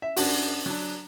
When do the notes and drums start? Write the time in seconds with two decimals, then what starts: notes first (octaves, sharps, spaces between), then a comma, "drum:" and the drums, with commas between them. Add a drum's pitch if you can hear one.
0.02 E5
0.16 F#2 D4 F#4, drum: open hi-hat
0.66 F#3 D4